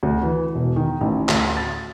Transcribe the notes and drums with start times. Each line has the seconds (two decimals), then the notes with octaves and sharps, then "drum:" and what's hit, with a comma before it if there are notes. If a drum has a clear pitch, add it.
0.03 D2
0.23 E3
0.55 E1
0.76 D#3
1.01 A1
1.29 D2, drum: clap
1.57 A6